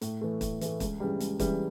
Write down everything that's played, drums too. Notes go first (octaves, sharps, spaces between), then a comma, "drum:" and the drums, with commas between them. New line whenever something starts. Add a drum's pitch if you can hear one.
A2, drum: hi-hat
E3 A3
A2, drum: kick, hi-hat
E3 A3, drum: hi-hat
C#2, drum: kick, hi-hat
C#3 E3 G3
C#2, drum: hi-hat
C#3 E3 G3, drum: kick, hi-hat